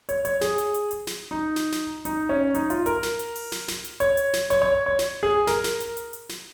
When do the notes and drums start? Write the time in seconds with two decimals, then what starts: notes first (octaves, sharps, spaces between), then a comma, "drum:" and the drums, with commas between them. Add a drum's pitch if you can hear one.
0.09 C#5, drum: hi-hat
0.25 C#5, drum: hi-hat
0.41 G#4, drum: snare
0.58 drum: hi-hat
0.74 drum: hi-hat
0.91 drum: hi-hat
1.07 drum: snare
1.31 D#4
1.56 drum: snare
1.72 drum: snare
2.05 D#4, drum: hi-hat
2.29 C#4
2.55 D#4, drum: hi-hat
2.70 F4, drum: hi-hat
2.86 A#4, drum: hi-hat
3.03 drum: snare
3.19 drum: hi-hat
3.36 drum: open hi-hat
3.52 drum: snare
3.68 drum: snare
3.84 drum: hi-hat
4.00 C#5, drum: hi-hat
4.17 drum: hi-hat
4.33 drum: snare
4.50 C#5, drum: hi-hat
4.62 C#5
4.86 C#5
4.99 drum: snare
5.23 G#4
5.47 A#4, drum: snare
5.64 drum: snare
5.80 drum: hi-hat
5.97 drum: hi-hat
6.13 drum: hi-hat
6.29 drum: snare